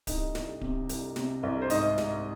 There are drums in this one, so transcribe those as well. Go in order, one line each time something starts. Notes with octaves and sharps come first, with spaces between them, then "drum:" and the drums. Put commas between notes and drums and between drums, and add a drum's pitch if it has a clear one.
C2 D#4 D#5, drum: kick D1, hi-hat
C2, drum: snare
C3, drum: kick D1
C2, drum: hi-hat
C3, drum: snare
C2
C5
G#2 D#4 D#5, drum: hi-hat
G#2, drum: snare